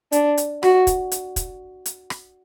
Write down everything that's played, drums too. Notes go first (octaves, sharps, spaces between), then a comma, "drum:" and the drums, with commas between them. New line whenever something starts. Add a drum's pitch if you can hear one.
D4, drum: hi-hat
drum: hi-hat
F#4, drum: rim click
drum: kick, hi-hat
drum: hi-hat
drum: kick, hi-hat
drum: hi-hat
drum: rim click